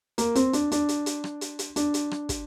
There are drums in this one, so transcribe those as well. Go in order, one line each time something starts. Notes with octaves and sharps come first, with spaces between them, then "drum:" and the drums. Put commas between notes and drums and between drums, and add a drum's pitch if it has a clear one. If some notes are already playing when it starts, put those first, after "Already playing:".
A#3, drum: hi-hat
C4, drum: hi-hat
D4, drum: hi-hat
D4, drum: hi-hat
drum: hi-hat
drum: hi-hat
drum: rim click
drum: hi-hat
drum: hi-hat
D4, drum: hi-hat
drum: hi-hat
drum: rim click
drum: kick, hi-hat